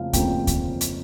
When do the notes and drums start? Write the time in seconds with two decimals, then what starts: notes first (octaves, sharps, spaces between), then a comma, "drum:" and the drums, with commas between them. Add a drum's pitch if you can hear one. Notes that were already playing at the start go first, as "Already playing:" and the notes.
Already playing: F1 F2 C#3 F3 A#3 F5
0.13 F1 F2 C#3 F3 A#3 G5, drum: kick D2, hi-hat
0.47 drum: kick D2, hi-hat
0.81 drum: hi-hat